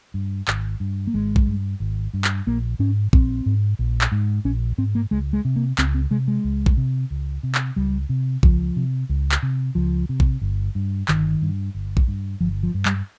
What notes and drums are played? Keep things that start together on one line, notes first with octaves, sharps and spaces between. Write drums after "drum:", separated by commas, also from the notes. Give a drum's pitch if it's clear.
G2
G#1, drum: clap
G2
A#3
G#1 G#3
drum: kick A#1
G2
G#1
G2
drum: clap
A#1 A#3
G#2 C#4
A#1 C4, drum: kick A#1
G#2
A#1
drum: clap
G#2
A#1 C#4
G#2 C4
A#3
C#2 G#3
G#3
C3
A#3
C#2 C4, drum: clap
C4
C3 G#3
G#3
C#2
drum: kick A#1
C3
C#2
C3
drum: clap
C#2 G3
C3
C#2 F3, drum: kick A#1
C3
C#2
drum: clap
C3
C#2 F3
C3
drum: kick A#1
G1
G2
G1 D#3, drum: clap
G2
G1
drum: kick A#1
G2
G1 F3
F3
G2
G3, drum: clap